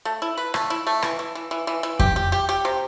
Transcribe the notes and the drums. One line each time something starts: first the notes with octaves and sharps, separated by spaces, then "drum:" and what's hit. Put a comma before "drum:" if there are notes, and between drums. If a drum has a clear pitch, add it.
A3
E4
B4
A3, drum: rim click
E4
A3
E3, drum: rim click
E3
E3
E3
E3
E3
G4, drum: kick F2
G4
G4
G4
C3